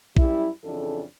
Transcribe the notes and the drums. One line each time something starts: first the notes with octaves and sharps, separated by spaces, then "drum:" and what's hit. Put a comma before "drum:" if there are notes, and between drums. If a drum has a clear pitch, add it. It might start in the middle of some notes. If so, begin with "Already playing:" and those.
F#2 G3 E4, drum: kick A#1
F2 C#3 E3 D4 A4